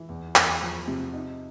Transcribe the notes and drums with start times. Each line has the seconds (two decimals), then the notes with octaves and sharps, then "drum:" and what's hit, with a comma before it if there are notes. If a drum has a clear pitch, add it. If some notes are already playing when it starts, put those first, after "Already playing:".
Already playing: E3
0.09 E2
0.36 E2, drum: clap
0.62 F3
0.88 C3
1.13 D#4